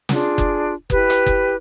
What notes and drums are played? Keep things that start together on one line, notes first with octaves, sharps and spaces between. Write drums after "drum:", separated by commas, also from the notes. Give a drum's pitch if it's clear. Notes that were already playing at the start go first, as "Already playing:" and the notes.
D4 F4 G#4, drum: snare
drum: kick F#1
E4 G4 B4, drum: kick F#1
drum: hi-hat
drum: kick F#1